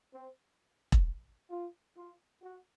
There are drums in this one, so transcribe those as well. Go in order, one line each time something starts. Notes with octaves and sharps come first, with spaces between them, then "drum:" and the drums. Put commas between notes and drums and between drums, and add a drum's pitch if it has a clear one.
C4
drum: kick E1
F4
F4
F#4